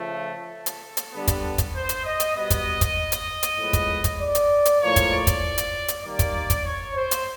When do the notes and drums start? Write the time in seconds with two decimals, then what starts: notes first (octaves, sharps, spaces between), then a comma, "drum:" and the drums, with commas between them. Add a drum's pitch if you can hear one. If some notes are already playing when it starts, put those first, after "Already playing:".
Already playing: C#3 F3 A3
0.20 A4
0.66 drum: hi-hat
0.97 drum: hi-hat
1.12 D3 G3 B3
1.28 drum: kick, hi-hat
1.58 drum: kick, hi-hat
1.74 C5
1.89 drum: hi-hat
2.04 D#5
2.20 drum: hi-hat
2.35 B2 G3 B3 D#5
2.50 drum: kick, hi-hat
2.81 drum: kick, hi-hat
3.12 drum: hi-hat
3.43 drum: hi-hat
3.58 A2 F3 G#3 B3
3.73 drum: kick, hi-hat
4.04 drum: kick, hi-hat
4.19 D5
4.35 drum: hi-hat
4.65 drum: hi-hat
4.80 A2 F3 A#3 C#5
4.96 drum: kick, hi-hat
5.12 D5
5.27 drum: kick, hi-hat
5.58 drum: hi-hat
5.88 drum: hi-hat
6.04 D#3 G3 A#3 D5
6.19 drum: kick, hi-hat
6.50 drum: kick, hi-hat
6.65 C#5
6.96 C5
7.11 drum: hi-hat